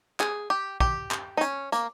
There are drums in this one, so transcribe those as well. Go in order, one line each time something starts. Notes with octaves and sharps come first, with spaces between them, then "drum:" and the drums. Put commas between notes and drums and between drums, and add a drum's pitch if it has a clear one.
G#4, drum: clap
G4
G4, drum: kick
drum: clap
D#4
C#4, drum: hi-hat
A#3, drum: hi-hat